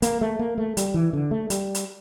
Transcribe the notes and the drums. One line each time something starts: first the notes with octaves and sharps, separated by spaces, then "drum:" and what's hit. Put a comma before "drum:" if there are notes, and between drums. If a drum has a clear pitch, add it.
A#3, drum: hi-hat
A3
A#3
A3
G3, drum: hi-hat
E3
D3
A3
G3, drum: hi-hat
drum: hi-hat